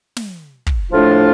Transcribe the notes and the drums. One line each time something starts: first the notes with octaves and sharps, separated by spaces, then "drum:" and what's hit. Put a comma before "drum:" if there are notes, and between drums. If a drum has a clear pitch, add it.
drum: snare
drum: kick
A2 F3 A3 D4 F4